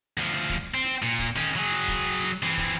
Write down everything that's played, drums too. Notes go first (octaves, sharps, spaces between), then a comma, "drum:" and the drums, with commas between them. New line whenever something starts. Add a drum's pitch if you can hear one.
D2 F3
drum: open hi-hat
drum: kick, open hi-hat
C4
drum: open hi-hat
A#2, drum: open hi-hat
drum: kick, open hi-hat
D#3 C#4, drum: hi-hat
F#3 G#4
drum: open hi-hat
drum: kick, open hi-hat
drum: hi-hat
drum: open hi-hat
E3 C4, drum: open hi-hat
drum: kick, open hi-hat